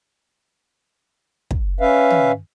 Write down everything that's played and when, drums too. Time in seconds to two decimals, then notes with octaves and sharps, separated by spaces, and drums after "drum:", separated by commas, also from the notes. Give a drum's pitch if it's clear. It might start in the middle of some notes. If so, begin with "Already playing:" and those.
1.51 drum: kick
1.80 C#4 B4 E5 F5
2.10 drum: tom